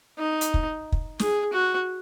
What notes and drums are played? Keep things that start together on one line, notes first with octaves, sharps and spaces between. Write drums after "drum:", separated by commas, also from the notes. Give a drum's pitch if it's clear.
D#4
drum: hi-hat
drum: kick
drum: kick
G#4, drum: snare
F#4